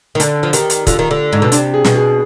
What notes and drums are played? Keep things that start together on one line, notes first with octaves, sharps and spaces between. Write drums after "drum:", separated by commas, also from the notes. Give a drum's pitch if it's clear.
D#3
D3 D5, drum: hi-hat
F3
D#3 G4, drum: hi-hat
drum: hi-hat
D3 F4, drum: kick, hi-hat
D#3
D3
G#2
B2
C3 D4, drum: hi-hat
G#4
B2, drum: snare
G#4